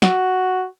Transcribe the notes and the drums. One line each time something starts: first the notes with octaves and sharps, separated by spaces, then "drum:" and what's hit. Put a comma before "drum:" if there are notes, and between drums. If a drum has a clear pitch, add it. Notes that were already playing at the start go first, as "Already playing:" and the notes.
F#4, drum: snare